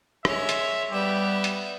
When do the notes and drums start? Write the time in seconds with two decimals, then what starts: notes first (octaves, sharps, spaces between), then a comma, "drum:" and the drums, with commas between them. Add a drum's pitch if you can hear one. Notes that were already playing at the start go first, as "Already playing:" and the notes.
0.25 G#3 C#5 E5, drum: rim click
0.49 drum: hi-hat
0.91 G3 B3 G4 E5
1.44 drum: hi-hat